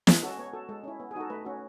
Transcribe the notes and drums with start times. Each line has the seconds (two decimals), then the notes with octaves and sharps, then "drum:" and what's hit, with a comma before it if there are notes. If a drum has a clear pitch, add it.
0.07 G#3 G#4, drum: snare
0.23 C#4 F#4 A4
0.38 B3 C#5
0.53 F#4 A4
0.69 G#3 A4
0.84 C#4 E4
1.00 B3
1.11 G#4
1.16 D#4 F#4 A4
1.30 A3 B4
1.45 C#4 F#4